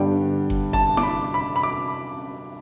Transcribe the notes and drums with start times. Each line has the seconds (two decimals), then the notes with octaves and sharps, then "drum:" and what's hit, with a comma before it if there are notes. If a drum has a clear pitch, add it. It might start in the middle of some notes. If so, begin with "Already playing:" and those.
Already playing: G2 D3 G3 B3 D4 G5
0.50 drum: kick F#1
0.73 A5, drum: kick F#1
0.97 D6, drum: snare E4
1.03 B5
1.34 B5
1.56 B5
1.63 D6